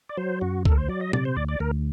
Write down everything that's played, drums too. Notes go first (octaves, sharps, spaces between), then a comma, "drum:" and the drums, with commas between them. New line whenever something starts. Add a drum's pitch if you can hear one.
D5
F#3 C5
F#2 F#4
D2 A4, drum: kick
A#4
C5
F#3 D5
D#5
C3 D5, drum: tom A#2
C5
D2 D5
D5
D2 A#4